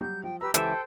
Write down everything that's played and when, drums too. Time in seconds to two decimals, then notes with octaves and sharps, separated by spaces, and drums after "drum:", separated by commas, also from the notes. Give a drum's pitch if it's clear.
0.01 F#3 G3 F#4 G6
0.23 F3 G5
0.41 G4 B4 A#5 E6
0.54 C#2 E3 G4 A4 C5 E5 G5, drum: hi-hat